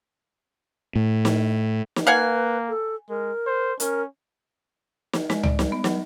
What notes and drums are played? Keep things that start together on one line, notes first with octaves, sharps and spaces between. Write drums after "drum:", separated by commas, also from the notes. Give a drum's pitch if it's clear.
A2
drum: snare
drum: snare
A#3 B4 F5 F#5 G#5
A4
G#3 A#4
C5
C#4 A#4, drum: hi-hat
drum: snare
G#3, drum: snare
D5, drum: tom C#2
G3, drum: snare
B3
F#3, drum: snare